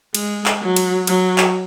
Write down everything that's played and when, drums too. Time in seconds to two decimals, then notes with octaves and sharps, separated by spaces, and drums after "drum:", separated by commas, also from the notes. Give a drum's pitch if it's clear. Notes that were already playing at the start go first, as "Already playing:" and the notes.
0.15 G#3, drum: cymbal
0.46 drum: clap
0.62 F#3
0.76 drum: cymbal
1.07 F#3, drum: cymbal
1.38 drum: clap